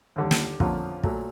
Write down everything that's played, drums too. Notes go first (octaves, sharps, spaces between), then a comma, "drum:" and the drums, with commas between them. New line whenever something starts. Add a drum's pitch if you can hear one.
D#2 D3 G3
drum: snare
F2 D3 F3 A#3 C#4, drum: kick
A#2 F#3 A3, drum: kick